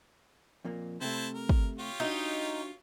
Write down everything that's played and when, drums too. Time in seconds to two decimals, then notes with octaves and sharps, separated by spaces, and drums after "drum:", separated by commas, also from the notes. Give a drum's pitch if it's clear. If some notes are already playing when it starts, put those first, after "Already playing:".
0.65 F2 A#2 A#3
1.01 C3 A3 E4 C5 A5
1.35 A#4
1.49 drum: kick
1.79 F4 G4 C#5
2.00 D4 D#4 F#4 E5